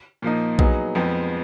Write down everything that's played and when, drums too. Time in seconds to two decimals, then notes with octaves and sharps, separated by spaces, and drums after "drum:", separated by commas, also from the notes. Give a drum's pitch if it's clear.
0.22 A#2 F3 A#3 D#4
0.59 F#3 B3 D#4 G#4, drum: kick A#1
0.95 F2 F3 G#3 B3